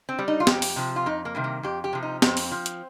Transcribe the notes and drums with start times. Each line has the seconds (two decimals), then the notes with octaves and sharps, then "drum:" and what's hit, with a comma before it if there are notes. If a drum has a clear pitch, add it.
0.09 C4
0.19 G3
0.28 D#4
0.40 F4
0.47 F2 G4, drum: snare
0.62 drum: open hi-hat
0.76 C3 F3
0.96 F4
1.06 F2 D#4
1.25 A#3
1.35 C3 D#3 G3
1.44 A#3
1.63 F2 G4
1.84 G4
1.93 C3 F3
2.03 D#4
2.22 F2 C4, drum: snare
2.37 drum: open hi-hat
2.52 F3
2.66 drum: hi-hat